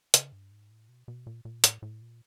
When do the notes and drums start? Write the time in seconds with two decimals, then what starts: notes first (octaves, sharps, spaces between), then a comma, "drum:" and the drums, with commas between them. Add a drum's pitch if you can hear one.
0.14 C#3, drum: hi-hat
0.32 G2
0.51 G#2
0.71 A2
0.89 B2
1.08 B2
1.27 A#2
1.45 A#2
1.64 A2, drum: hi-hat
1.82 A2
2.02 A#2